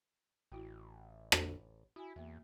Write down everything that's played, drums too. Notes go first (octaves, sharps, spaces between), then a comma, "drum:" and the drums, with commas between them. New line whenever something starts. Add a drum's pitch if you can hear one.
A1 E4 F#4 G5
F#5, drum: rim click
E4 F#4 G#5
E2 A#3 E5